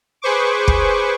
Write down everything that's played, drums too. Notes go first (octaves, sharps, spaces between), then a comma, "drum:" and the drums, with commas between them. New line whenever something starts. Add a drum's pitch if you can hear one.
G#4 B4 C5 C#6 D6
drum: kick